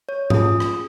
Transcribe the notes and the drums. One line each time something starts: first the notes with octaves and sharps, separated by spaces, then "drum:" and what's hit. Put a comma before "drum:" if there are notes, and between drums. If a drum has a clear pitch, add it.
C#5
C#4 F4 G#4 D#6, drum: tom G#2
drum: rim click